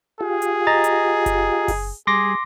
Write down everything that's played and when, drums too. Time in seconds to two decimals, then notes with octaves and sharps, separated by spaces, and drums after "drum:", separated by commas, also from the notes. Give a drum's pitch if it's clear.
0.21 F4 G4 G#4
0.42 drum: hi-hat
0.67 D#5 A#5 A6
0.84 drum: hi-hat
1.26 drum: kick F#1, hi-hat
1.68 drum: kick F#1, open hi-hat
2.07 G3 G#4 C6 D6 A#6